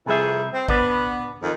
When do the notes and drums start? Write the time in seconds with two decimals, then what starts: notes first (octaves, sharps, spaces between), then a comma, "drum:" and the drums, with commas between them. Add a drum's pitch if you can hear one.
0.06 F2 C3 E3 G3 G#4 E5
0.53 C4
0.68 B3 D4 B4 D5, drum: kick A1
1.42 F2 D#3